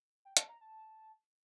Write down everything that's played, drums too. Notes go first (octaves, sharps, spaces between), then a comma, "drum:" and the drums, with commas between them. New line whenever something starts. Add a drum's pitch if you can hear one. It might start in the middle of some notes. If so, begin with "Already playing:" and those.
G5
A5, drum: hi-hat
A#5
A5